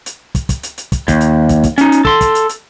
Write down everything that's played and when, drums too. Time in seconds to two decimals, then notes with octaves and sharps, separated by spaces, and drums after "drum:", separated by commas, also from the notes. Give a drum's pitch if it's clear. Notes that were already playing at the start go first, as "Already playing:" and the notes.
0.06 drum: hi-hat
0.35 drum: kick, hi-hat
0.49 drum: kick, hi-hat
0.63 drum: hi-hat
0.78 drum: hi-hat
0.92 drum: kick, hi-hat
1.08 D#2, drum: kick, hi-hat
1.21 drum: hi-hat
1.49 drum: kick, hi-hat
1.63 drum: kick, hi-hat
1.78 C#4 D#4, drum: hi-hat
1.92 drum: hi-hat
2.05 A4 C6, drum: kick
2.21 drum: kick, hi-hat
2.35 drum: hi-hat
2.49 drum: hi-hat